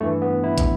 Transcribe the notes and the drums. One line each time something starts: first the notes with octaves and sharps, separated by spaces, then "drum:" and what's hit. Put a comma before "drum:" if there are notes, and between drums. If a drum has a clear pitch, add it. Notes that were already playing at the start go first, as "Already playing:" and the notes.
G2 E3 A3
B3
E4
drum: kick, hi-hat